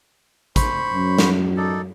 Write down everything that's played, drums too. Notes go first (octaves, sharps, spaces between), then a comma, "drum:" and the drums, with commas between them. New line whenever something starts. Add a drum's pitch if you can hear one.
C5 B5 C#6, drum: kick, hi-hat
F#2
drum: snare
D#4 A4 D5